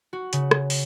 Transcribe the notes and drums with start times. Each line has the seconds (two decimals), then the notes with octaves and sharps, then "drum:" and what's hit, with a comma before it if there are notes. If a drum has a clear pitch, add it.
0.13 F#4
0.33 C#3, drum: hi-hat
0.51 drum: rim click
0.70 drum: open hi-hat